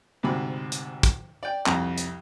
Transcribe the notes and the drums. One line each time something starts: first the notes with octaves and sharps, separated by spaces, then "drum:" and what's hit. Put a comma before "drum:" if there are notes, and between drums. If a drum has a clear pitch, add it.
D2 G#2 C3 B5
drum: hi-hat
drum: kick, hi-hat
D5 G5
C2 F2 A#5, drum: clap
drum: hi-hat